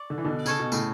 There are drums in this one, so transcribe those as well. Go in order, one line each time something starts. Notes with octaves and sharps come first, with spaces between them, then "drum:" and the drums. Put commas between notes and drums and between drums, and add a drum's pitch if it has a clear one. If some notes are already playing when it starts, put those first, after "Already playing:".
Already playing: D5 C#6
D3
E3
B2 D3
C#3 A4 C#5 G#5, drum: tambourine
B2
A2 C#3, drum: tambourine